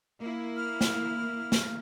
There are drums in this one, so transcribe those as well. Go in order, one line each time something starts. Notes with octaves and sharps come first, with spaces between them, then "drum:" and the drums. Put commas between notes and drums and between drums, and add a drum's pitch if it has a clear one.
A#3 E4
F6
drum: snare
drum: snare